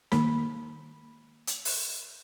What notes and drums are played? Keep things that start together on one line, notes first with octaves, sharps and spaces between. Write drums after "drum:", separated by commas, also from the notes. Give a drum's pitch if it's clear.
D#3 A#3 B5, drum: snare
drum: hi-hat
drum: open hi-hat